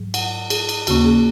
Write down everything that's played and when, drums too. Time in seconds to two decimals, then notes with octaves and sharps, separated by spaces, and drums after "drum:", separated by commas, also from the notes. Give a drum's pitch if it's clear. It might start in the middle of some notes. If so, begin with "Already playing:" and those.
Already playing: G#2 F#3
0.14 F#5, drum: cymbal
0.50 G#4, drum: cymbal
0.69 drum: cymbal
0.87 D#2 C#3 A#3 C#4 F#4, drum: cymbal
1.05 G#4